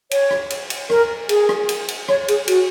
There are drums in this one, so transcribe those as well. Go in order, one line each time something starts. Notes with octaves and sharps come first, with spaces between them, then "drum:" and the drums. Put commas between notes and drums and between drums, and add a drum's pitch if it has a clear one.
C#5, drum: cymbal
drum: rim click
drum: cymbal
drum: cymbal
A#4, drum: rim click
G#4, drum: cymbal
drum: rim click
drum: cymbal
drum: cymbal
C#5, drum: rim click
G#4, drum: cymbal
F#4, drum: cymbal